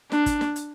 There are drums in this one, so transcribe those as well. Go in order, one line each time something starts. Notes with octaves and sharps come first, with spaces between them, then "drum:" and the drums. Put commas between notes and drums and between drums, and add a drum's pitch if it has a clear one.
D4, drum: snare
drum: kick, hi-hat
drum: snare
drum: hi-hat